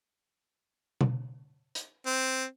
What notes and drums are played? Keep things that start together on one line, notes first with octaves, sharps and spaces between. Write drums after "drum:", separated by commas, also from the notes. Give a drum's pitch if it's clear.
drum: tom B2
drum: hi-hat
C4